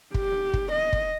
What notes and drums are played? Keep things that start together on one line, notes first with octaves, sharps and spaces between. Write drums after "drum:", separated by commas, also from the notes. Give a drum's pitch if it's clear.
G4, drum: kick
drum: kick
D#5
drum: kick